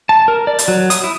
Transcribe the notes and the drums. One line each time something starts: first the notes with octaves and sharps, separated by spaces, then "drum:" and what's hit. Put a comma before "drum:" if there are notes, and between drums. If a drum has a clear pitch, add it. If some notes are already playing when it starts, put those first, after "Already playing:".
A5
A#4
D5
drum: hi-hat
F#3
D#6, drum: hi-hat
E4